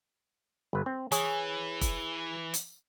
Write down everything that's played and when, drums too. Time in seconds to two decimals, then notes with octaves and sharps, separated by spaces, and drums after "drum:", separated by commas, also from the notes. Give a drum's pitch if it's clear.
0.73 G1 B4
0.86 C4
1.12 E3 G#4 C#5, drum: hi-hat
1.81 drum: kick F1, hi-hat
2.54 drum: hi-hat